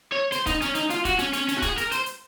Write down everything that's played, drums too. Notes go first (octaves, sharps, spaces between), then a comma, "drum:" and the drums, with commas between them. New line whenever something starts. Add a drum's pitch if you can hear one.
C#5
C5, drum: hi-hat
D#4, drum: kick, hi-hat
C#4, drum: hi-hat
D#4, drum: hi-hat
F4, drum: hi-hat
F#4, drum: kick, hi-hat
C#4, drum: hi-hat
C#4, drum: hi-hat
C#4, drum: hi-hat
F#4
G#4, drum: kick, hi-hat
A#4, drum: hi-hat
C5, drum: hi-hat
drum: hi-hat